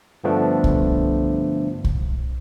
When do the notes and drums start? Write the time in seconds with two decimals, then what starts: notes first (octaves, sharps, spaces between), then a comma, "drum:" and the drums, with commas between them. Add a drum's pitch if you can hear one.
0.24 G2 D3 F3 A3 B3 D4
0.64 drum: kick C2
1.84 drum: kick C2